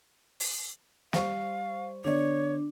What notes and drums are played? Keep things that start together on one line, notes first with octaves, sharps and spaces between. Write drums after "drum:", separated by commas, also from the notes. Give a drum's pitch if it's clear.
drum: open hi-hat
G3 C5 F5 C#6, drum: snare
D3 B3 D4 C#5 D5